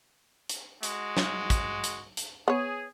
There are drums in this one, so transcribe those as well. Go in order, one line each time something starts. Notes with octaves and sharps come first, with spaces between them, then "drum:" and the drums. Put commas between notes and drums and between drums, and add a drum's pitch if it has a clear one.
drum: hi-hat
G#3 F#4, drum: hi-hat
drum: snare
drum: kick, hi-hat
drum: hi-hat
drum: hi-hat
B3 G#4 C#5